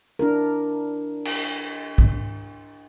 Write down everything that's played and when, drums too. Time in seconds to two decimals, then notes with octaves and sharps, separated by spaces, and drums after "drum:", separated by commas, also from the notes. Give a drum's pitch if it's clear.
0.19 D4 E4 A#4
1.25 drum: cymbal
1.98 drum: kick A#1